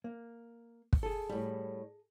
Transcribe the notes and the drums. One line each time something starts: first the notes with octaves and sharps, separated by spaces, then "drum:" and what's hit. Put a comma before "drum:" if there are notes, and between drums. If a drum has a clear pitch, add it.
A#3
drum: kick
G#4 A4
A2 G3